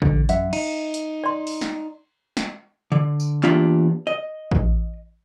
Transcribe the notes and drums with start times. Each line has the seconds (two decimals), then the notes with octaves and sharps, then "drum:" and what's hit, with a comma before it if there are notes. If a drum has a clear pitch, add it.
0.02 D3, drum: kick
0.29 F#2 E5 F#5, drum: hi-hat
0.53 D#4, drum: cymbal
0.94 drum: hi-hat
1.24 D5 C6
1.47 drum: open hi-hat
1.61 drum: snare
2.37 drum: snare
2.92 D3
3.20 drum: tambourine
3.43 E2 A#3 D4 F4 G4 E5, drum: clap
4.07 D#5
4.51 drum: kick